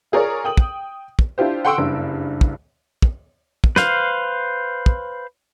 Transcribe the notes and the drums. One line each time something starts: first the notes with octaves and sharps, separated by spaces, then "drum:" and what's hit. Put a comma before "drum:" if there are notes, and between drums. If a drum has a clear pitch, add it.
F4 G#4 A#4 C#5 D5
G5 D#6 F#7
drum: kick
drum: kick
D4 E4 F4 G4 C5
F#5 G5 C6 C#6 E6 D7
F#1 G2
drum: kick
drum: kick
drum: kick
B4 C5 F5, drum: snare
drum: kick